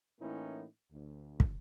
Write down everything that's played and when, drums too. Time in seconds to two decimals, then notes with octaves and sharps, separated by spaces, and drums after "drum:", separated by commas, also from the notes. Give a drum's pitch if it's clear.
0.20 A2 E3 A#3 C#4 D#4 E4
0.92 D2
1.40 drum: kick